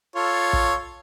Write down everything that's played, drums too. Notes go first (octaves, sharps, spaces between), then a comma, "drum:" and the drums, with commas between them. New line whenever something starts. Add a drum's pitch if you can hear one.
F4 A4 C#5
drum: kick